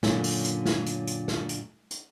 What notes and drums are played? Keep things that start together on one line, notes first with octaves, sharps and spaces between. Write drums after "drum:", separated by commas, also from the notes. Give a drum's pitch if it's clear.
F#2 A#2 D3 C#4, drum: snare
drum: open hi-hat
drum: hi-hat
drum: snare
drum: hi-hat
drum: hi-hat
drum: snare
drum: hi-hat
drum: hi-hat